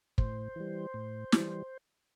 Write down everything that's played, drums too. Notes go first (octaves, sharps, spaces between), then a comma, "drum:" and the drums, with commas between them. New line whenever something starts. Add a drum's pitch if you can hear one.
A2 C5, drum: kick
E3 G3
A2
E3 G3, drum: snare